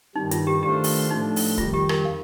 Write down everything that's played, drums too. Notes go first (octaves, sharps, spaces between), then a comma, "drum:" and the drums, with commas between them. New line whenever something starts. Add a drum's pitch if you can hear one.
G2 D#3 G3 D#4
F4, drum: hi-hat
G4
D#3 A3 D4 F4 G4 C5
drum: open hi-hat
A2 F3 A3 D4 D#4
drum: open hi-hat
F2 D#3 G3 F4, drum: kick C#1
G4
A#4, drum: rim click
F5